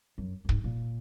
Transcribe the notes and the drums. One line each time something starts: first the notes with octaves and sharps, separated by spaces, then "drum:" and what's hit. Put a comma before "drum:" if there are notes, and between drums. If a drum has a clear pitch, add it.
F#2
F#2
G#2, drum: kick
A#2